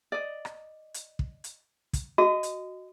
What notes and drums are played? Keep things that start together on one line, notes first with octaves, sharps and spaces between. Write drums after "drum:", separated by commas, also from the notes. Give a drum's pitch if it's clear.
D5 D#5
drum: rim click
drum: hi-hat
drum: kick
drum: hi-hat
drum: kick, hi-hat
F#4 D#5
drum: hi-hat